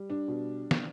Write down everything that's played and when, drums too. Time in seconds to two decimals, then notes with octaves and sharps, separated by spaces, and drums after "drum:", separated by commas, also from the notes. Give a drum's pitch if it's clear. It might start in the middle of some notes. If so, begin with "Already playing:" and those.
Already playing: G3
0.10 D4
0.28 B2
0.71 drum: snare